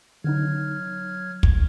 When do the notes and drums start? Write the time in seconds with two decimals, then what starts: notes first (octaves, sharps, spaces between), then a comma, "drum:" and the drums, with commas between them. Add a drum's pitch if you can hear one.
0.24 D3 F#3 B3 D#4 F6 G#6
1.43 drum: kick